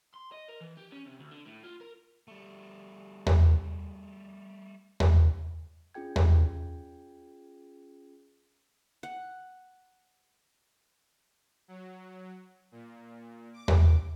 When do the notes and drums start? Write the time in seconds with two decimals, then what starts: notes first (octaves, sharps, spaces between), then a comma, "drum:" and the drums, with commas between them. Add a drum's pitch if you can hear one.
0.14 C6
0.32 D#5
0.49 A#4
0.61 E3
0.77 G4
0.92 C#4
1.06 C3
1.20 D2
1.31 D3
1.46 A2
1.64 F4
1.81 A#4
2.28 G3 A3
3.26 drum: tom E2
5.00 drum: tom E2
5.94 C#4 F4 G#4 G5 G#6
6.16 drum: tom E2
9.03 F#5
11.68 F#3
12.72 A#2
13.53 D6
13.68 drum: tom E2